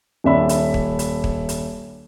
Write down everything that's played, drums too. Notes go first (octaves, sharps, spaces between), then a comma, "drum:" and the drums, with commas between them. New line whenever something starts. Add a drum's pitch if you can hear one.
D#1 D4 E5 B5
drum: hi-hat
drum: kick
drum: hi-hat
drum: kick
drum: hi-hat